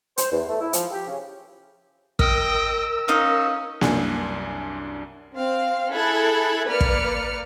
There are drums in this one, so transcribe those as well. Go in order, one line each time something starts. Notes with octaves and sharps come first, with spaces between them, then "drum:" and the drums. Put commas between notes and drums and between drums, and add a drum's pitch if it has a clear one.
C5, drum: hi-hat
E2
A3
E4
F3, drum: hi-hat
G4
C#3
A#4 D#5 G5 E6, drum: kick
C#4 D#4 D#5 F5
C2 F#2 D4 G#5, drum: snare A#3
C4 F5
E4 G#4 A4 F#6 G#6
A#3 B4 D5 F6 C#7
drum: kick